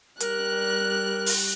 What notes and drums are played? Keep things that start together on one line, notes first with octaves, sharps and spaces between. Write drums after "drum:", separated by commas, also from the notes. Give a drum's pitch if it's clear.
G3 A#4 F#6, drum: hi-hat
drum: open hi-hat